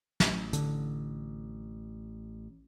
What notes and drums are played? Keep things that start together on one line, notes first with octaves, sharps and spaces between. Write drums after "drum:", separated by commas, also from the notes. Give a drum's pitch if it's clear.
A1, drum: snare
D3, drum: hi-hat